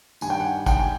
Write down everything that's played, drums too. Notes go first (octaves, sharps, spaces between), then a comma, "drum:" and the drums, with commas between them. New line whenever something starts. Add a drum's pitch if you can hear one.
G2 D#3 G3 G#5, drum: tambourine
G5
F#5 G#5
G5, drum: kick, tambourine
G#5